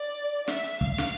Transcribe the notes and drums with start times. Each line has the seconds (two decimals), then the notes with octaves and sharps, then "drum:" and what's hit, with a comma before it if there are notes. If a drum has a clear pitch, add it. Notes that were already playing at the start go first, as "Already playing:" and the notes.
Already playing: D5
0.48 E5, drum: snare
0.64 drum: hi-hat
0.81 F5, drum: kick
0.98 drum: snare